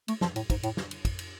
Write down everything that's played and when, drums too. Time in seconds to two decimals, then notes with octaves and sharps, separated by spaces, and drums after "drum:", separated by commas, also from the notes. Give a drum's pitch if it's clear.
0.08 A3, drum: cymbal
0.21 F3, drum: snare
0.36 A2, drum: cymbal
0.50 G#2, drum: kick, cymbal
0.63 A2, drum: cymbal
0.77 drum: snare
0.91 drum: cymbal
1.05 drum: kick, cymbal
1.19 drum: cymbal